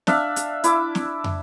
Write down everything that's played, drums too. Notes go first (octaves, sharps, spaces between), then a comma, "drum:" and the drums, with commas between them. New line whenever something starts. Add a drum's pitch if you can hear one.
D4 E5 F5, drum: snare
drum: hi-hat
E4 D6, drum: hi-hat
drum: snare
drum: tom